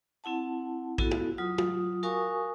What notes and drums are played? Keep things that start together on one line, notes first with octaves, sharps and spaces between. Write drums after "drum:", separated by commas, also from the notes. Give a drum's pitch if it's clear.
C4 E4 F#5 A5
B3 E4 F#4 A4, drum: kick A#1
drum: tom
F#3 F4 D#6
drum: tom
F#4 A#4 F5 G#5 C#6 D#6